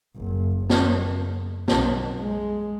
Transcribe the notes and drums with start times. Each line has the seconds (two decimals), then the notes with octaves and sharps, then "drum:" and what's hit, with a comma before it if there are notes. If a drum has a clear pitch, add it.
0.17 F#1
0.58 F#1
0.70 drum: snare
1.68 B1, drum: snare
2.20 G#3